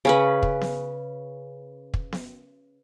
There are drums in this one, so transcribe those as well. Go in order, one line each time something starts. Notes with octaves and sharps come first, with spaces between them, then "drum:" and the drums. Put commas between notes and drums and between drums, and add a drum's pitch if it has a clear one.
C#3 C#4 B4
drum: kick
drum: snare B3
drum: kick
drum: snare B3